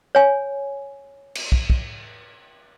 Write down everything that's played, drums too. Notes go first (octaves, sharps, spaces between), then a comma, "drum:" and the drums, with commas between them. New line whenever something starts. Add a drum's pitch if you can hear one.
C#5 G#5
drum: cymbal
drum: kick
drum: kick